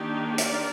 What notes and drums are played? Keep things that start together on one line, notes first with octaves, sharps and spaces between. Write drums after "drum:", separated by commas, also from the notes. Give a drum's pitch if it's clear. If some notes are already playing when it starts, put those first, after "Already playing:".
Already playing: D#3 A#3 D4 D#4 G4
A#4 D5, drum: hi-hat